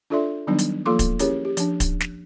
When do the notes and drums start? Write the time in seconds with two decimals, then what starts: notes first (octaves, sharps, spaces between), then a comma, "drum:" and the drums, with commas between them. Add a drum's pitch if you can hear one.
0.10 D4 F4 A4 D5 E5 C6
0.47 D#3 F#3 G3 B3 D4 D#4
0.59 drum: hi-hat
0.86 F3 A#3 F4 A4 C6 D6
0.99 drum: kick, hi-hat
1.19 C#4 E4 G4 G#4 A#4 C#5, drum: hi-hat
1.45 G4
1.57 F3 D4, drum: hi-hat
1.80 drum: kick, hi-hat
2.00 drum: snare